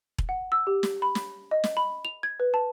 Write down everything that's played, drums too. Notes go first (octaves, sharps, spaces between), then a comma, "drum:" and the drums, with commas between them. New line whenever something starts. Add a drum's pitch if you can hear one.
drum: kick E1
F#5
E6
G4
drum: snare
B5
drum: snare
D#5
drum: snare
B5
F7
G#6
B4
A5